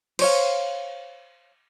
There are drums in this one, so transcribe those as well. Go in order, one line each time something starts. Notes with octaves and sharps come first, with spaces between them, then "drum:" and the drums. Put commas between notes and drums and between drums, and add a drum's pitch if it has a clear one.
C5 C#5 F5, drum: cymbal